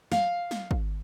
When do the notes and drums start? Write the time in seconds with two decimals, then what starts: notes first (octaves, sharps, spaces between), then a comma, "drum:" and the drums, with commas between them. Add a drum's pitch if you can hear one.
0.12 F5, drum: snare
0.51 drum: snare
0.71 drum: kick